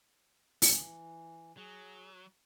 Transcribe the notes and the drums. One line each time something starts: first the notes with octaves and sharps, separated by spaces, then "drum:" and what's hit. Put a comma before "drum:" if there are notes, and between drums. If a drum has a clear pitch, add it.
E3, drum: open hi-hat
F#3 G#4